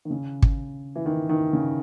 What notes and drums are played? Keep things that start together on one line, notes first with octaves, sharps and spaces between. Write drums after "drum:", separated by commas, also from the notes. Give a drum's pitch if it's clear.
D#3
C#3
drum: kick
E3
D#3
D#3
C#3